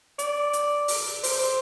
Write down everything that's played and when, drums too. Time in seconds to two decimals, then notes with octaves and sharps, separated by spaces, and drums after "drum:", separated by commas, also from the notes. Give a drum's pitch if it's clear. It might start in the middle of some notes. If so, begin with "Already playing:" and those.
0.19 D5, drum: hi-hat
0.53 drum: hi-hat
0.88 drum: open hi-hat
1.23 C5, drum: open hi-hat